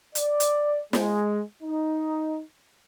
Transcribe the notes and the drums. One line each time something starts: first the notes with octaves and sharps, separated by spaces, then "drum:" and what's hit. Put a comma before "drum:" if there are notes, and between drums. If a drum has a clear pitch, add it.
D5, drum: hi-hat
drum: hi-hat
G#3, drum: snare
D#4